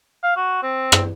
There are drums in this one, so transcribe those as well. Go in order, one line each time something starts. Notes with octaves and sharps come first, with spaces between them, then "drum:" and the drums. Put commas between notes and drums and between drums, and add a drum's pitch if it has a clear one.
F5
F#4
C4
drum: rim click